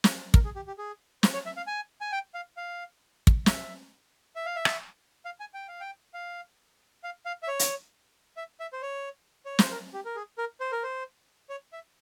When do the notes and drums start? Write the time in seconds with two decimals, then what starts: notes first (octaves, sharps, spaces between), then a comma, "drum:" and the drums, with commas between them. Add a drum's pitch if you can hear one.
0.04 drum: snare
0.34 A#4, drum: kick
0.45 G#4
0.56 G4
0.67 G4
0.78 G#4
1.23 C5, drum: snare
1.34 C#5
1.46 E5
1.57 F5
1.67 G#5
2.01 G#5
2.12 G5
2.34 F5
2.57 F5
3.27 drum: kick
3.46 E5, drum: snare
4.36 E5
4.46 F5
4.56 E5
4.65 drum: rim click
5.25 F5
5.40 G#5
5.54 G5
5.68 F5
5.81 G5
6.14 F5
7.04 F5
7.26 F5
7.43 E5
7.48 C#5
7.59 drum: hi-hat
8.37 E5
8.60 E5
8.73 C5
8.82 C#5
9.46 C#5
9.59 C5, drum: snare
9.71 A#4
9.94 G4
10.05 A#4
10.16 G#4
10.38 A#4
10.60 C5
10.72 A#4
10.83 C5
11.49 C#5
11.73 E5